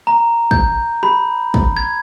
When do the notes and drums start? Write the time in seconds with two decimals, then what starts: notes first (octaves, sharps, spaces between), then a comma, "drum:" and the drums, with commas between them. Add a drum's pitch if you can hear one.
0.07 A#5
0.51 G6, drum: kick
1.03 B5, drum: rim click
1.54 drum: kick
1.77 G#6